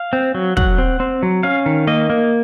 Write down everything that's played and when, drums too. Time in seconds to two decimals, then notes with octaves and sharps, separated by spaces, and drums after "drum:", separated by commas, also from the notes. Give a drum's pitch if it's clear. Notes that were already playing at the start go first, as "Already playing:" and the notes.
Already playing: F5
0.13 C4
0.35 F#3
0.57 F#3 F#5, drum: kick
0.78 C4
1.00 C4
1.23 F#3
1.43 C#4 F5
1.66 D#3
1.87 A#3 D#5
2.10 A#3